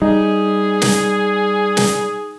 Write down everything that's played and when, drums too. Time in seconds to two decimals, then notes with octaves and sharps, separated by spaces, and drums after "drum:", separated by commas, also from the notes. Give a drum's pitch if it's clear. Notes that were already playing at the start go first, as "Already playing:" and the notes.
0.02 G3 D#4 G#4
0.82 drum: snare
1.77 drum: snare